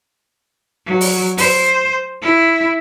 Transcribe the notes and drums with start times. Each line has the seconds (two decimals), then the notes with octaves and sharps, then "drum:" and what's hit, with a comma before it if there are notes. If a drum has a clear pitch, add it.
0.86 F#3
1.01 drum: open hi-hat
1.38 C5, drum: open hi-hat
2.22 E4